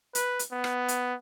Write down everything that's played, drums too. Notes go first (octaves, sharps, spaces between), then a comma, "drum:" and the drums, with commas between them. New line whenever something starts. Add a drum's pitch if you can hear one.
B4, drum: hi-hat
drum: hi-hat
B3
drum: rim click
drum: hi-hat